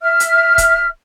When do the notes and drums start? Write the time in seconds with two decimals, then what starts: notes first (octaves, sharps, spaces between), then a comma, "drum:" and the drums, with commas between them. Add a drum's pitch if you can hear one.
0.01 E5 F6
0.20 drum: hi-hat
0.58 drum: kick, hi-hat